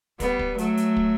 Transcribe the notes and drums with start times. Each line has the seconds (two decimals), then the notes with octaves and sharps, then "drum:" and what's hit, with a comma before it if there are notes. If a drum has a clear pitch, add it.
0.20 G3 B3, drum: kick, hi-hat
0.39 drum: kick
0.58 F#3 A3, drum: hi-hat
0.77 drum: hi-hat
0.97 drum: kick